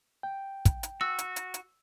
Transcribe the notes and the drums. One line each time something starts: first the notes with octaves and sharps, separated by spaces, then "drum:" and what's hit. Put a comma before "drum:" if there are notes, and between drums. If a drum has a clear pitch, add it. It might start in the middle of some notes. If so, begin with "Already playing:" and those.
G5
drum: kick, hi-hat
drum: hi-hat
F#4 E6
drum: hi-hat
drum: hi-hat
drum: hi-hat